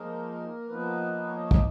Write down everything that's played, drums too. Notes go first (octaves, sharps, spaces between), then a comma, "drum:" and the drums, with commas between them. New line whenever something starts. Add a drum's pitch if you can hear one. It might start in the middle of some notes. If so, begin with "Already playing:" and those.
Already playing: F3 G#3 A#3 D#4 A#4
F3 A#3 B3 D#4 B4
C#5
D#5
C#5
D#5, drum: kick